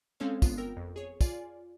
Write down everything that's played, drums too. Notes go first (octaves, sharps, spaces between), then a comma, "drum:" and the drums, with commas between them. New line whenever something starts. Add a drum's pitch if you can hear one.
G#3 C4 C#4 A4 C#5 F5
G1 B3 F4, drum: kick, tambourine
A#4 G5 E6 A#6
F2
G#4 C#5
F4 D5 G#5, drum: kick, tambourine